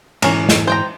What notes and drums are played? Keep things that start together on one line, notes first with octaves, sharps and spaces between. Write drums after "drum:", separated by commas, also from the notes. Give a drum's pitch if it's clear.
G#2 E3 C#4 A#4, drum: cymbal
drum: snare
C5 G5 A#5